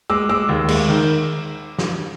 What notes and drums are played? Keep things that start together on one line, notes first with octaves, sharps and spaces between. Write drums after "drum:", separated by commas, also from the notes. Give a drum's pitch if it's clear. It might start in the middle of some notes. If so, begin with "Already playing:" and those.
G#3 D6 E6
G#3 D6 E6
D#2
G#3, drum: cymbal
D#3
drum: snare